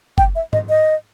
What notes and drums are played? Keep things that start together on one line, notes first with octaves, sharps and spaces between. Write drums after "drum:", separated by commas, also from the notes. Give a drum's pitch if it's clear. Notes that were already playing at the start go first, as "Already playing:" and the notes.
G5, drum: kick F#1
E5
D#5, drum: tom G#2
D#5